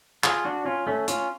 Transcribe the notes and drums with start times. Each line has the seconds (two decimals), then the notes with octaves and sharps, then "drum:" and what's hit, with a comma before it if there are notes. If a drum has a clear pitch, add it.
0.24 F4 G#4, drum: clap
0.45 D4 F#4
0.65 C#4 F4
0.87 A3 C#4
1.08 C#4 F4, drum: hi-hat